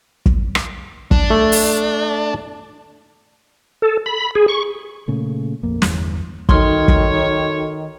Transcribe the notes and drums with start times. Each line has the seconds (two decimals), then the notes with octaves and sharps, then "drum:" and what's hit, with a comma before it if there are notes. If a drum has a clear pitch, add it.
0.26 drum: kick
0.55 drum: rim click
1.11 D4, drum: kick
1.30 A3
1.52 drum: open hi-hat
3.82 A4
4.06 B5
4.35 G#4
4.48 C#6
5.08 A#2 C#3 A3
5.63 A#1 F2 A#3
5.82 G1 E2 E3, drum: snare
6.49 D#3 D#4 F#4 A4 C#5 C6 F6, drum: kick
6.88 drum: kick